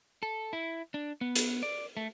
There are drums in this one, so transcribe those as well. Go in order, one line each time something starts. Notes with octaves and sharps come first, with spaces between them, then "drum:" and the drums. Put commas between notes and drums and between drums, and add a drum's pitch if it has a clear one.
A4
E4
D4
B3
drum: hi-hat
D5
A3